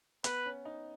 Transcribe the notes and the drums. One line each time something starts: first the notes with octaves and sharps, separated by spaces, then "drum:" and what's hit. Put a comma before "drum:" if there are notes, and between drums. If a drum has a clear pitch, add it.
B3 B4, drum: hi-hat
C#4
D#4